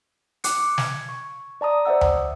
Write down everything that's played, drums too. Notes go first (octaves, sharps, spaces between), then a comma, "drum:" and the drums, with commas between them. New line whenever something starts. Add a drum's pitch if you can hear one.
D6 F#6 C#7, drum: hi-hat
G#6, drum: snare
C#6
D5 A5 A#5 D#6
C5 D5 E5 F#5 E6
drum: tom D2